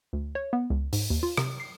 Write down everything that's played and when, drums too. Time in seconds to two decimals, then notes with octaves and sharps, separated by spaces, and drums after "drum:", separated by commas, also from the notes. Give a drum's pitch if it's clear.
0.13 D2
0.35 C#5
0.53 B3
0.70 C#2
0.93 G#2, drum: open hi-hat
1.10 D#2
1.23 F4
1.37 C3, drum: rim click
1.60 C7